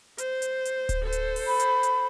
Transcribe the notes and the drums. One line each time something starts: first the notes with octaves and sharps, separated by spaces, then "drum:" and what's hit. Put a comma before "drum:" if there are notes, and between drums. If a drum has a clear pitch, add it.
C5, drum: hi-hat
drum: hi-hat
drum: hi-hat
drum: kick D1, hi-hat
A4 C5
drum: hi-hat
drum: open hi-hat
B5
drum: hi-hat
drum: hi-hat